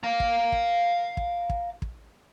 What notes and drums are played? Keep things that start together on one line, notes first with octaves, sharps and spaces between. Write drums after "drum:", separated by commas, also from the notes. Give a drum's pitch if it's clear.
F5 A#5
drum: kick
drum: kick
drum: kick
drum: kick
drum: kick